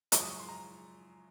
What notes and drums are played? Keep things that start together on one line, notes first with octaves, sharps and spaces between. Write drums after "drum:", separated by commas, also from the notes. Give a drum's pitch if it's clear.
F#2 C#3 F3 G#3 C#6, drum: hi-hat
D#6
C#6
C6
A#5